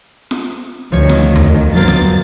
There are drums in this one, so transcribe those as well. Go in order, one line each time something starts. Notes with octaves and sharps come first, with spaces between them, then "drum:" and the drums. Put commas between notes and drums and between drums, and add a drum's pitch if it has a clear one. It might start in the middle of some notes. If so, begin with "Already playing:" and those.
drum: snare F4
D2 D#3 F3 C#5
drum: snare F4
drum: tom E2
G1 G2 F#3 A#3 C4 A6
drum: snare F4